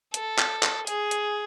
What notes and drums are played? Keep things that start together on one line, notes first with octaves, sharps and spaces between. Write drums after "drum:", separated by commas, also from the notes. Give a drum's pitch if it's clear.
A4, drum: hi-hat
drum: clap
drum: clap
G#4, drum: hi-hat
drum: hi-hat